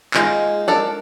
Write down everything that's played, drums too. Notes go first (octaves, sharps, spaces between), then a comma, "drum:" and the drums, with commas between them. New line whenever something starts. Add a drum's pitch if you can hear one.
G#3 A#3 D#4 F4 G#4, drum: clap
D4 A4 A#4